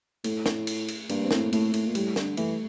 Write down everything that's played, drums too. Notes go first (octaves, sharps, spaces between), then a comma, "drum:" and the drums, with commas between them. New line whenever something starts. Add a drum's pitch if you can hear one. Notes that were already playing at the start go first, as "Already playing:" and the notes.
A2 A3, drum: cymbal
drum: snare
drum: cymbal
drum: cymbal
G2 A#3, drum: cymbal
C4
A2, drum: snare
A#3
A2 A3, drum: cymbal
A2, drum: cymbal
A#2
A2 G3, drum: cymbal
D3, drum: snare
E3 A3, drum: cymbal